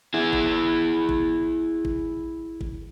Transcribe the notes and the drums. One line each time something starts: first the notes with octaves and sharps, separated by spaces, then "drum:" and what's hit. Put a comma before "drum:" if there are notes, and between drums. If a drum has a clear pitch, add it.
E4 G#4
drum: kick
drum: kick
drum: kick
drum: kick